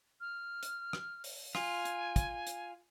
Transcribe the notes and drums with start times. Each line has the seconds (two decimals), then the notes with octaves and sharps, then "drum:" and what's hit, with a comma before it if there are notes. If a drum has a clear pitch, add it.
0.21 F6
0.63 drum: hi-hat
0.93 drum: rim click
1.24 drum: open hi-hat
1.55 F4 G#5, drum: rim click
1.85 drum: hi-hat
2.16 drum: kick, hi-hat
2.47 drum: hi-hat